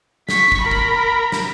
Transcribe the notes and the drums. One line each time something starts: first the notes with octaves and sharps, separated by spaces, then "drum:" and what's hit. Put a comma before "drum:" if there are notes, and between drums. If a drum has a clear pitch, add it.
C#6 B6, drum: snare
drum: kick
A#4 B5
drum: kick
drum: snare